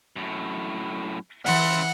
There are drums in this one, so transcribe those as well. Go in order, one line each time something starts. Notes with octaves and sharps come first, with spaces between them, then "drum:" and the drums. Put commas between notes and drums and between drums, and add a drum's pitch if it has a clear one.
F#2 A2
C#3 E3 F#5 C6, drum: open hi-hat